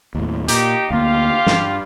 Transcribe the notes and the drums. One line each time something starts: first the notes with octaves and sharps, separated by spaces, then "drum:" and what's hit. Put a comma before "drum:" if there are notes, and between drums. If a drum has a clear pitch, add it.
D#2 A2
A#2 D#4 G4, drum: hi-hat
D2 A#3 F4 G4 F5
G2, drum: snare